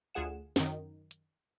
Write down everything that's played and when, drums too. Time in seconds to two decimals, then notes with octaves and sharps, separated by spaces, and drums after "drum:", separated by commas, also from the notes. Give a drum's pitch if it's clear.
0.15 D2 F4 G#4 F#5 E7
0.56 F#2 D#3, drum: snare
1.11 drum: hi-hat